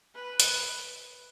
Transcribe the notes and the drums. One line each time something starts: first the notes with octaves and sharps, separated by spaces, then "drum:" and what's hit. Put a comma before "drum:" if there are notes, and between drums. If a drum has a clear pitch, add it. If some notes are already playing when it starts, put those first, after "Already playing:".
B4
drum: hi-hat